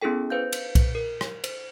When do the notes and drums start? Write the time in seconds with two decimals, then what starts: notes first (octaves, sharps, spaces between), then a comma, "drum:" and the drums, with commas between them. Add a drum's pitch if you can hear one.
0.01 B3 C#4 E4 G#4 A4 G5
0.30 B4 C5 F5 G6
0.53 drum: cymbal
0.75 drum: kick B1, cymbal
0.95 A#4
1.21 drum: rim click
1.44 C5, drum: cymbal